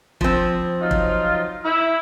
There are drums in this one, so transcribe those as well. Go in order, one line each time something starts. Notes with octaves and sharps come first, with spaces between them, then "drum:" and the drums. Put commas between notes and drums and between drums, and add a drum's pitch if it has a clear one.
F3 C4, drum: kick
F#3 D#4 F4
drum: kick
E4